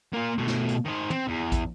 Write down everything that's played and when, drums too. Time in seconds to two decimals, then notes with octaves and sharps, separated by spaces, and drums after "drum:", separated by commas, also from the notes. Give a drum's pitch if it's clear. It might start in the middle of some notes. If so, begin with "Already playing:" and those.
0.13 A#3 F4
0.38 B2 A3
0.48 drum: snare
0.69 drum: hi-hat
0.85 D#3 C5
1.10 C4, drum: tom
1.28 E2
1.52 drum: kick, hi-hat